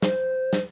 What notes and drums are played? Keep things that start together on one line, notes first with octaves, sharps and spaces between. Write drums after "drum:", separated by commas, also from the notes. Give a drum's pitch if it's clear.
C5, drum: snare
drum: snare